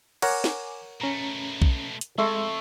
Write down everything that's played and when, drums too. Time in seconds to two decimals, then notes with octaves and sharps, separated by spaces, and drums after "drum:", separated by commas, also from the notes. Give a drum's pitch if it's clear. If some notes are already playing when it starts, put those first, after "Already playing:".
0.22 A#4 C#5 F#5 G#5 D6, drum: cymbal
0.44 drum: snare
1.01 B2 A3 C#4 A#5
1.62 drum: kick B1
2.01 drum: hi-hat
2.18 F2 G#3 A3 E5 C6